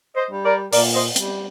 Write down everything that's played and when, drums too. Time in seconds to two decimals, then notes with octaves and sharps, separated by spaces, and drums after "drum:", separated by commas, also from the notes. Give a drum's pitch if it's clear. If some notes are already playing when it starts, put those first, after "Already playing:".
0.16 C5 D#5
0.30 G3
0.44 A#4 D5
0.73 A#2 A#4 D5, drum: open hi-hat
0.94 C5 D#5
1.16 G3, drum: hi-hat